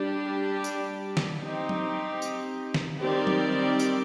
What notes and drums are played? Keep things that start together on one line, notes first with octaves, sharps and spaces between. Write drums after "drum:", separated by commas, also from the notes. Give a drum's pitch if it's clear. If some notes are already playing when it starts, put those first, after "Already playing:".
Already playing: G3 D4 G4
drum: tambourine
drum: snare
C4 D#4 G4
drum: tom F#3
drum: tambourine
drum: snare
D#3 G3 C4 G4 D5
drum: tom F#3
drum: tambourine